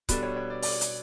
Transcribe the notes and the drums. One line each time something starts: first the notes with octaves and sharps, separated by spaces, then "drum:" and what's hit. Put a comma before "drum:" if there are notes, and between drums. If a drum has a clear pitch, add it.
B2 G3 D4 A4 B4, drum: kick C#1, hi-hat
C#5
C#5
D5
D5, drum: open hi-hat
drum: hi-hat